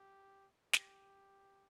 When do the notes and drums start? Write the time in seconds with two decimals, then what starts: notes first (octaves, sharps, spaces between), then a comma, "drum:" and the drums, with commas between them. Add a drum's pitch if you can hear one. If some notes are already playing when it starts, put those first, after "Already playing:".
Already playing: G4
0.73 G4, drum: snare